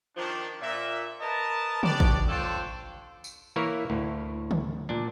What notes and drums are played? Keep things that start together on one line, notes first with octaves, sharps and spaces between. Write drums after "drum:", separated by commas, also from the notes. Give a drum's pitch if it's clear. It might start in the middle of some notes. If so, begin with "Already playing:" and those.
D#3 F3 D4
A#2 E5
A#4 B4 D#5 A5
C#4 D4 G4 D5, drum: tom
drum: kick G#1
D4 F4 A4 C5 C#5 G5
drum: tambourine
E3 A#3 E4 A#4 C#5
D2 A2
drum: tom
A#2 D4